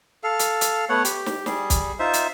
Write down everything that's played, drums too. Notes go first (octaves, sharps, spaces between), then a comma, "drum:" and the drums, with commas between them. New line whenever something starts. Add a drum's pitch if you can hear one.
A4 F5
drum: hi-hat
drum: hi-hat
A3 B3 C#5 F#5
G4, drum: hi-hat
drum: snare
G3 G#4, drum: snare
drum: kick, hi-hat
D#4 F4 C5 E5
drum: hi-hat